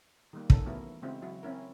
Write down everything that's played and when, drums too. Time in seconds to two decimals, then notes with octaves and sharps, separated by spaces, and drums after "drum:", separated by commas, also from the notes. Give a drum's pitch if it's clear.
0.33 D#3 G3 A#3
0.50 C#4 D#4 A4, drum: kick
0.66 E3 A3 B3 E4 F#4 A#4
1.02 C#3 G#3 C4 E4 F#4 C5
1.22 F#3 E4 F#4
1.43 C4 C#4 E4 A#4